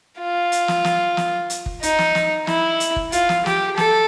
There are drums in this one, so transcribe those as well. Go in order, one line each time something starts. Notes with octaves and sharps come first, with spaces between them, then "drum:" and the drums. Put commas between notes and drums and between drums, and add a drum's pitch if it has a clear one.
F4
drum: hi-hat
drum: snare
drum: snare
drum: snare
drum: hi-hat
drum: kick
D#4, drum: hi-hat
drum: snare
drum: snare
E4, drum: snare
drum: hi-hat
drum: kick
F4, drum: hi-hat
drum: snare
G4, drum: snare
A4, drum: snare